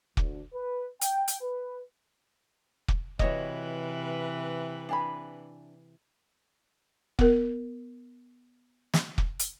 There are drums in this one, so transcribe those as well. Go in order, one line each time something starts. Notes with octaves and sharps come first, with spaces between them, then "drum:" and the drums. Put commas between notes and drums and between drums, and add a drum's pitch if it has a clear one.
D2, drum: kick
B4
G5, drum: hi-hat
drum: hi-hat
B4
drum: kick
C3 E3 F#4 B4 C#5 D#5, drum: kick
D4 G#5 B5
B3 A#4, drum: kick
drum: snare
drum: kick
drum: hi-hat